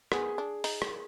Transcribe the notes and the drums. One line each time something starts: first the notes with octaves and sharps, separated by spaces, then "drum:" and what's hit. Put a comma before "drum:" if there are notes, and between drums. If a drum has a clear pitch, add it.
B3 G#4, drum: rim click
D4
D#4, drum: open hi-hat
drum: rim click